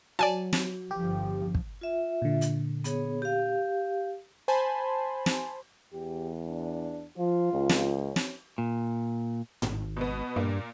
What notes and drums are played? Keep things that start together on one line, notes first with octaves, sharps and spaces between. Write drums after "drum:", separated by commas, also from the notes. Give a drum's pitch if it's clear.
F#3 D5 G#5 A5, drum: rim click
drum: snare
G1 F3 G4
drum: kick
F4 E5
A#2 D3
drum: hi-hat
B3 G#4 C#5, drum: hi-hat
G4 F5
C5 G#5 A5 B5 C6
drum: snare
E2 G4
D4
F3 F4
C#2
drum: snare
C#4
drum: snare
A#2
G#1, drum: tom
B2 B3
G2 A#2 A#3